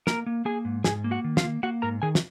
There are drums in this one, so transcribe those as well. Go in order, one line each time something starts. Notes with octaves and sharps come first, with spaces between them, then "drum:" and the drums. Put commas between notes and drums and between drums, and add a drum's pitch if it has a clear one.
A#3 A#4 A#5, drum: snare
A#3
A#3 G#4 G#5
G#2
G#2 G#4 G#5, drum: snare
A#3
F#4 F#5
D#3
F4 F5, drum: snare
A#3
A#3 F#4 F#5
G#2 A#4 A#5
D#3 G#4 G#5
drum: snare